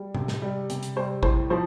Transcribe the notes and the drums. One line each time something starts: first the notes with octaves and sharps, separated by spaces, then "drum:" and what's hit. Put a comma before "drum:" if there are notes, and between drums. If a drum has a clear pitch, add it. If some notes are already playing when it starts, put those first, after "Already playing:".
Already playing: G3
C3, drum: tom A2
drum: snare
G3
C3, drum: hi-hat
drum: hi-hat
G3 C5
A2 C5, drum: kick A1
F3 C5